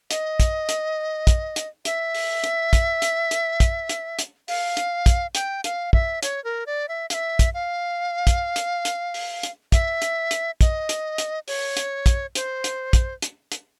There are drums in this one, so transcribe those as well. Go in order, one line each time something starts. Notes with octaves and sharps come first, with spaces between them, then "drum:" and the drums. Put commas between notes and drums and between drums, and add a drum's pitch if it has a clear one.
D#5, drum: hi-hat
drum: kick, hi-hat
drum: hi-hat
drum: kick, hi-hat
drum: hi-hat
E5, drum: hi-hat
drum: open hi-hat
drum: hi-hat
drum: kick, hi-hat
drum: hi-hat
drum: hi-hat
drum: kick, hi-hat
drum: hi-hat
drum: hi-hat
F5, drum: open hi-hat
drum: hi-hat
drum: kick, hi-hat
G5, drum: hi-hat
F5, drum: hi-hat
E5, drum: kick
C#5, drum: hi-hat
A#4
D5
E5
F5, drum: hi-hat
E5
drum: kick, hi-hat
F5
drum: kick, hi-hat
drum: hi-hat
drum: hi-hat
drum: open hi-hat
drum: hi-hat
E5, drum: kick, hi-hat
drum: hi-hat
drum: hi-hat
D#5, drum: kick, hi-hat
drum: hi-hat
drum: hi-hat
C#5, drum: open hi-hat
drum: hi-hat
drum: kick, hi-hat
C5, drum: hi-hat
drum: hi-hat
drum: kick, hi-hat
drum: hi-hat
drum: hi-hat